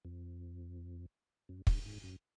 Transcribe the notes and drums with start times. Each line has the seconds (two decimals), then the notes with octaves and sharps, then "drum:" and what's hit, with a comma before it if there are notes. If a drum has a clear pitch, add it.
0.05 F2
1.49 F#2
1.67 G2, drum: kick
1.86 G#2
2.04 F#2